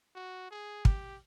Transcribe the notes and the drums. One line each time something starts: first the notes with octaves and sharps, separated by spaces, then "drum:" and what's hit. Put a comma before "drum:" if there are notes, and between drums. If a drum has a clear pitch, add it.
F#4
G#4
G4, drum: kick